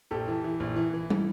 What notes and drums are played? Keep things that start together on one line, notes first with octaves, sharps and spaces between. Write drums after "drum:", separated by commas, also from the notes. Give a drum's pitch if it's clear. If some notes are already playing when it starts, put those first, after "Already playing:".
A#1 G4 A4
E3
E3
A#1
E3
E3
drum: tom